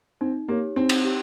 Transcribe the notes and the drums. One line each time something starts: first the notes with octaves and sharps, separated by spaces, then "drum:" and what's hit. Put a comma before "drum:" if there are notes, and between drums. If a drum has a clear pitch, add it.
C4 D#4
A#3 G4 C#5
C4 D#4
drum: cymbal
G4